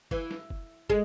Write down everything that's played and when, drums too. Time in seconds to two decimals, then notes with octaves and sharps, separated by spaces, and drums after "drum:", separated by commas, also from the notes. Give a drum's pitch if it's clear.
0.11 E3, drum: kick
0.31 drum: snare
0.50 drum: kick
0.90 G#3, drum: kick